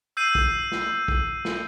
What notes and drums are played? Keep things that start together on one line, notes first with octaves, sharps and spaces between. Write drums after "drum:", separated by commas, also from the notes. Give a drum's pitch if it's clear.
E6 G6 C7 D#7
drum: kick
drum: snare
drum: kick
drum: snare